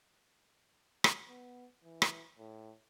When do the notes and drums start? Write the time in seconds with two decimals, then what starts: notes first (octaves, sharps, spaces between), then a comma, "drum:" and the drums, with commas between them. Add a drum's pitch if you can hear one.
1.04 drum: rim click
1.29 B3
1.84 E3
2.02 drum: rim click
2.39 A2